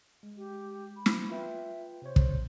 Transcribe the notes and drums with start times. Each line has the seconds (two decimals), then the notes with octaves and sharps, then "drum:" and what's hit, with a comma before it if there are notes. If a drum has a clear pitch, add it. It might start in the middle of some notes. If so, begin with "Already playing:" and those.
0.23 G#3
0.36 G4
0.96 B5
1.06 drum: snare
1.30 F4 B4 E5 G5
2.02 C3 C5 C#5
2.16 drum: kick